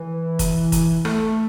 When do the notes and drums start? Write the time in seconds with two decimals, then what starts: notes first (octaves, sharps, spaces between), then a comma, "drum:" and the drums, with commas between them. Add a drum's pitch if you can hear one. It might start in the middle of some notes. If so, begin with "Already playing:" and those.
Already playing: E3
0.39 drum: kick, hi-hat
0.72 drum: kick, hi-hat
1.05 A3, drum: rim click